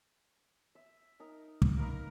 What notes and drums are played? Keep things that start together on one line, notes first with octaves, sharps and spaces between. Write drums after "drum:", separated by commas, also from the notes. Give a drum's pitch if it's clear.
E5
D#4 A#4
drum: kick
D#4 A#4 B4 F5